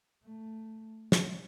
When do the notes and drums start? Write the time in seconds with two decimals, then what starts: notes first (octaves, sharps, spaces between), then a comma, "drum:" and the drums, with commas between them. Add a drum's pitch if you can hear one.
0.24 A3
1.12 G3, drum: snare